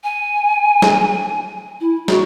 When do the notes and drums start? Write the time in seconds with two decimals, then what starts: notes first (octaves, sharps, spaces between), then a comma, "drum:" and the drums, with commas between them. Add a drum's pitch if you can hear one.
0.04 G#5
0.82 drum: snare
1.80 E4
2.08 F#4, drum: snare